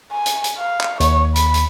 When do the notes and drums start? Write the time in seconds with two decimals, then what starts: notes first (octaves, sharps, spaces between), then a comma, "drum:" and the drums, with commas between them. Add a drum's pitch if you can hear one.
0.12 G#5
0.26 drum: hi-hat
0.44 drum: hi-hat
0.59 F5
0.81 drum: clap
1.00 D#2 C#5, drum: hi-hat
1.35 B5, drum: hi-hat
1.54 drum: hi-hat